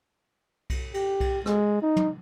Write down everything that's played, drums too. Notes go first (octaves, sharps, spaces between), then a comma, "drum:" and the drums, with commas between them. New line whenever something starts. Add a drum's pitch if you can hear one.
drum: kick B1, cymbal
G4, drum: cymbal
drum: kick B1, cymbal
G#3, drum: rim click
D#4
drum: tom